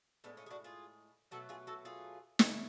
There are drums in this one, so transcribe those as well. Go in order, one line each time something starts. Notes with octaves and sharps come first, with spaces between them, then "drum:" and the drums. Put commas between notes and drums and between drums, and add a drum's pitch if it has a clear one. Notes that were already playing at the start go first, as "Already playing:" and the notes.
A2 G#3 B3 D4
C#4 F4
G#4
D4 F#4
F4 G#4
B2 F#3 A3 F#4 A4
F4 G#4
F#4 A4
F4 G#4
C#3 F3 A3, drum: snare